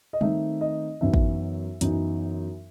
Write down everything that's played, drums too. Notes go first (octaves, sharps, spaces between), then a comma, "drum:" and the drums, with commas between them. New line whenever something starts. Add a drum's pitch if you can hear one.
D#5
D#3 A3 C4 D#4 E5, drum: tom G3
D#5
F#2 E3 B3 D#4 E5
drum: kick
F#2 E3 B3 D#4, drum: hi-hat